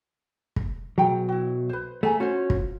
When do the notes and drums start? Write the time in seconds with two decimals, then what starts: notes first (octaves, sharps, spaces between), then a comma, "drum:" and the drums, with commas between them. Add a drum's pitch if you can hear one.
0.56 drum: kick
0.98 B1 F#3 G#4 G5 A#5
1.29 E4 F#4
1.69 B4 C5
2.03 A3 G#4 G#5 A#5
2.20 C#4 F4 F#4 C5
2.50 drum: kick